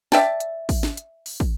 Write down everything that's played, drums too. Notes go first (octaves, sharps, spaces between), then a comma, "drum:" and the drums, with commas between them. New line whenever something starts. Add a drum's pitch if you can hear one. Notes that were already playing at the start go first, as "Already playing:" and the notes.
D5 E5 G5 A5, drum: snare
drum: hi-hat
drum: kick, open hi-hat
drum: snare
drum: hi-hat
drum: open hi-hat
drum: kick